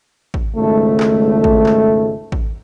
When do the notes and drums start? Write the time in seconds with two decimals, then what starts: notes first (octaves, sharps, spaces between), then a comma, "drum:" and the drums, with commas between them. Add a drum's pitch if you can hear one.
0.34 drum: kick
0.56 G#1 C#2 G#2 A3
1.00 drum: clap
1.44 drum: kick
1.66 drum: clap
2.32 drum: kick